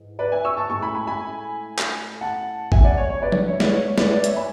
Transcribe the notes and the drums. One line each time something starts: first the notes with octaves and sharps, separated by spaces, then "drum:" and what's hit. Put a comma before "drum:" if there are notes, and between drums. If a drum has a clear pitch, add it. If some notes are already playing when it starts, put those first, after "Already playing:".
Already playing: G#2 E3
B4 D5
E5 G#5
C#6 E6
A5 C#6
A2 G#3 A5 C#6
G#5 B5
G#5 B5
G#5 B5
drum: clap
F#5 A5
E2 C#3 G#3 E5 G#5, drum: kick
D5 F#5
C#5
C#5
B4 D5
drum: tom
C#5 E5
B4 D5, drum: snare
C#5
C#5
B4 D5, drum: snare
B4 D5
C#5 E5, drum: hi-hat
G#5 B5